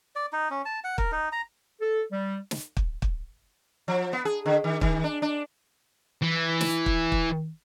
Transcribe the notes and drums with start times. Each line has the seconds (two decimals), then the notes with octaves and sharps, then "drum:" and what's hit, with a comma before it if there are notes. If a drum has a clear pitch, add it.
0.16 D5
0.33 D#4
0.50 C#4
0.65 A5
0.84 F#5
0.98 A#4, drum: kick
1.12 D#4
1.32 A#5
1.81 A4
2.12 G3
2.51 drum: snare
2.77 drum: kick
3.02 drum: kick
3.88 F3
4.13 B3
4.25 G#4
4.46 D3
4.64 D#3
4.81 D#3, drum: kick
5.04 D4
5.22 D4
6.22 E3
6.61 drum: snare
6.86 drum: kick
7.12 drum: kick